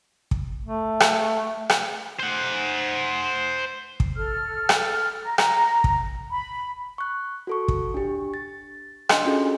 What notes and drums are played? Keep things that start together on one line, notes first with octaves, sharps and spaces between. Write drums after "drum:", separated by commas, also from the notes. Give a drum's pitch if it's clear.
drum: kick
A3
drum: rim click
drum: rim click
C5 F#5
drum: kick
A4 F6
drum: rim click
A#5
drum: rim click
drum: kick
B5
C#6 F#6
F#4 A4 C#6
drum: kick
D4 G4
A6
D4 D#5 C6, drum: rim click
C#4 F4 F#4 G#4 A4